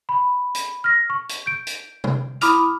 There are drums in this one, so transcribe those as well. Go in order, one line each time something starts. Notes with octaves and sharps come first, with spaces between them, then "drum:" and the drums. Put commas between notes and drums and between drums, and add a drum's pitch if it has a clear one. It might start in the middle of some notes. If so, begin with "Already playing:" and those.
B5
drum: hi-hat
F6 A#6
C#6
drum: hi-hat
G6 D7
drum: hi-hat
drum: tom C3
E4 B5 D6 D#6 F6 F7, drum: hi-hat